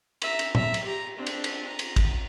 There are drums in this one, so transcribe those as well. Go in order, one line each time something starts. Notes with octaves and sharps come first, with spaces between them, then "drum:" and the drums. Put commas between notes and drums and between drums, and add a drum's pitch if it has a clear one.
E5 A#5, drum: cymbal
drum: cymbal
E5 A#5, drum: tom A2
drum: cymbal
G4 A#5
C4 D4
drum: cymbal
drum: cymbal
A#5
drum: cymbal
drum: kick, cymbal